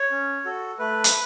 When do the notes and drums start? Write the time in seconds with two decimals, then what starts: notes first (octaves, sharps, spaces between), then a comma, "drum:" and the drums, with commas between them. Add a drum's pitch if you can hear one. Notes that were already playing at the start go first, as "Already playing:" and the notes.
Already playing: C#5
0.11 C#4
0.45 F#4 A4
0.79 A3 B4
1.04 drum: hi-hat